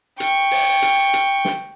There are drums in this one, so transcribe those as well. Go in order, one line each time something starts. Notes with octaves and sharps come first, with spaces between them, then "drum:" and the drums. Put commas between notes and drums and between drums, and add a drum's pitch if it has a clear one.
G5 C#6, drum: hi-hat
drum: open hi-hat
drum: hi-hat
drum: hi-hat
drum: snare